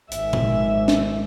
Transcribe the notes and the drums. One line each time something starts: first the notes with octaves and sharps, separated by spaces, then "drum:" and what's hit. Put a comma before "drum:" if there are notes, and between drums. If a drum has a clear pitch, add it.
G#1 G#3 E5, drum: hi-hat
drum: tom A#2
drum: snare